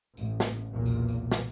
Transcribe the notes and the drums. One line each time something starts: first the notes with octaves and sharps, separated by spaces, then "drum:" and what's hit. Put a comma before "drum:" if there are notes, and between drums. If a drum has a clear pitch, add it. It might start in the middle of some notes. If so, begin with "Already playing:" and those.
A1, drum: tambourine
drum: snare
B1 E2 A#2
drum: tambourine
drum: tambourine
drum: snare